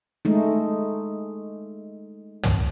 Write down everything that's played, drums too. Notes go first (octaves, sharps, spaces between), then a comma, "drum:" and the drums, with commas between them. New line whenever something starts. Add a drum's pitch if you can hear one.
G#3 A3 D#4
drum: tom